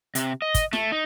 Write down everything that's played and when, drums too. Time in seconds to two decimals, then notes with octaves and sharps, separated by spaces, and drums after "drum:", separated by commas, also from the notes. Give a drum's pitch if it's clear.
0.15 C3, drum: hi-hat
0.42 D#5
0.54 drum: kick, hi-hat
0.73 A3, drum: snare
0.92 D#4